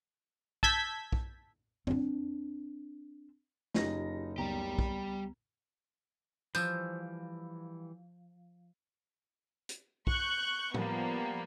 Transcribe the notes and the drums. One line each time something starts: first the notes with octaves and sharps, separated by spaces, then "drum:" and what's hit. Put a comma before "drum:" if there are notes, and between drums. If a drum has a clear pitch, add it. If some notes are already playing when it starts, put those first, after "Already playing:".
A5 E6 G6 G#6 B6, drum: kick
drum: kick
C4 D4, drum: tom
F#1 D#4 F4 G4 A#6, drum: snare A3
C#2 G3 B3 G4 A#5
drum: kick
E3 F3 G3 E6 G6, drum: tambourine
drum: hi-hat
C#6 F#6 G6, drum: kick
F3 G3 A#3 B3, drum: tom